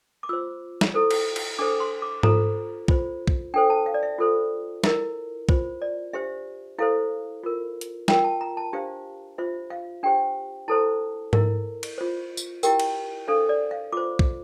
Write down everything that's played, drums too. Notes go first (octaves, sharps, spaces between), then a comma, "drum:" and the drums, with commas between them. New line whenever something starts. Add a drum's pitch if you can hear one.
D6
F4 C5 E6
drum: snare
E4 A4 C5
drum: cymbal
drum: cymbal
D4 A4 C5 D6
C6
D6
F4 A4 C5 A#5, drum: tom G#2
F4 C5, drum: kick B1
drum: kick B1
D4 A4 C5 G5
A5
F5
D5
E5
F4 A4 C5
E4 A#4, drum: snare
F4 C5, drum: kick B1
D5
D4 G4 C5 E5
E4 A4 C5 F5
F4 A#4
drum: hi-hat
F4 A#4 G5, drum: snare
A5
A#5
A5
D4 G4 C5 F5
F4 C5 E5
F5
D4 G4 C5 G5
E4 A4 C5 A5
E4 A#4, drum: tom G#2
drum: cymbal
F4 C5
drum: tambourine
E4 G4 A#4 G5, drum: tambourine
drum: cymbal
D4 A4 C5 F5
D5
F5
F4 C5 D6
drum: kick B1